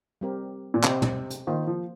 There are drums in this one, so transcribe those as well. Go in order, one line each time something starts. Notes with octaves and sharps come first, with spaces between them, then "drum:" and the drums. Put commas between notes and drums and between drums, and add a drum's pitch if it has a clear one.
G3 C4 G4 A#4
A#2
C3 C4 G4 C5 D#5 G5, drum: clap
drum: tom
drum: hi-hat
D#3 A#3 F4 C5
F3